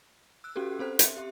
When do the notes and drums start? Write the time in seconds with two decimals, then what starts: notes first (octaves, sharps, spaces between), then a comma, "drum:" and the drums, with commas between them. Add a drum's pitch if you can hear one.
0.44 E6 F#6
0.56 C#4 F#4 G4 A4
0.79 C4 A4 C5 F#6
0.99 E5 C6 C#7, drum: hi-hat
1.17 G4 E5